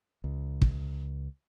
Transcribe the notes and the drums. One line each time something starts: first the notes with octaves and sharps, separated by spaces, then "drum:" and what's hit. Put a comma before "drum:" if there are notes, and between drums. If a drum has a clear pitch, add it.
C#2
drum: kick